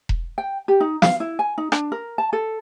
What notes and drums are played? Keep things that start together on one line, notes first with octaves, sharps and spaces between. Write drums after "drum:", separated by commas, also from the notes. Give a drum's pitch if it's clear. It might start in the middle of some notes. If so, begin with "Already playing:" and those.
drum: kick E1
G5
G4
D#4
F5, drum: snare
E4
G#5
D#4
D4, drum: rim click
A#4
A5
A4